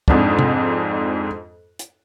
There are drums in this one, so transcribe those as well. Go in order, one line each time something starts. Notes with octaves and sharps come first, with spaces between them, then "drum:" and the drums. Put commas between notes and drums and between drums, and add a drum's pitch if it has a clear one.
F2 G#2 D4, drum: kick
drum: tom C3
drum: hi-hat